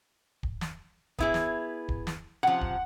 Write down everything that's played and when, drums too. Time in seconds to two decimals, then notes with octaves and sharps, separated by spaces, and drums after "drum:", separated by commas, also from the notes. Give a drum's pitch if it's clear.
0.43 drum: kick
0.61 drum: snare
1.19 B3 E4 G#4, drum: kick
1.34 drum: snare
1.89 drum: kick
2.07 drum: snare
2.43 C3 F3 F#5
2.61 drum: kick